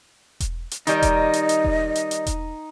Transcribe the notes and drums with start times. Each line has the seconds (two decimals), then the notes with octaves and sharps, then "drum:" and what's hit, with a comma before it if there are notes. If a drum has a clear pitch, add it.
0.40 drum: kick E1, hi-hat
0.71 drum: hi-hat
0.87 D#3 G3 D#4 D#5, drum: hi-hat
1.02 drum: kick E1, hi-hat
1.33 drum: hi-hat
1.49 drum: hi-hat
1.64 drum: kick E1
1.95 drum: hi-hat
2.11 drum: hi-hat
2.26 drum: kick E1, hi-hat